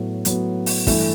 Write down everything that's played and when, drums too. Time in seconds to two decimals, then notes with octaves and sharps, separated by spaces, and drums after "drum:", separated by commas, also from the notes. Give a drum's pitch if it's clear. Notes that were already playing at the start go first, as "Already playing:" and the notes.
Already playing: A2 F#3 B3
0.25 A2 F#3 B3, drum: hi-hat
0.66 drum: open hi-hat
0.87 G2 E3 A3 E4, drum: kick, open hi-hat